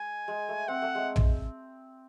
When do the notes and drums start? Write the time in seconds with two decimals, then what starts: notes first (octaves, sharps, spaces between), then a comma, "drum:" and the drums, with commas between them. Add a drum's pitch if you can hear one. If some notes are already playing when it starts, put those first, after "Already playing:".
Already playing: G#3 G#5
0.28 G#3
0.49 A3
0.68 C4 F#5
0.82 A3
0.95 G#3
1.16 drum: tom A#1